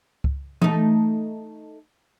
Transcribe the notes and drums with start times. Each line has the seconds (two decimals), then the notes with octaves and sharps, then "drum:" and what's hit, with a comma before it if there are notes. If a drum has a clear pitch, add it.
0.24 drum: kick C#2
0.62 A3 D#4, drum: tom E3